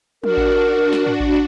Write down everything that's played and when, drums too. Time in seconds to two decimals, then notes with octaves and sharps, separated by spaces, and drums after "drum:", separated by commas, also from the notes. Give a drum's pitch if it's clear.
0.24 D4 F#4 A#4, drum: tom
0.37 drum: kick A1
0.93 drum: snare
1.06 drum: tom
1.20 drum: kick A1